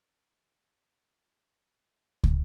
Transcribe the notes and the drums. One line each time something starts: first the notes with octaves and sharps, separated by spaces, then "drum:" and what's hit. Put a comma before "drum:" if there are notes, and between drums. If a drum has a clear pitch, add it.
G#4
D#6
G5
C6
drum: kick